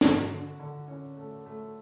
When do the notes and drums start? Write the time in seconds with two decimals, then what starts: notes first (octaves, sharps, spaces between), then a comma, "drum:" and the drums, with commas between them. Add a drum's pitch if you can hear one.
0.01 D3 F#4, drum: snare
0.30 D3
0.59 D3
0.88 C#4
1.17 A3
1.46 A3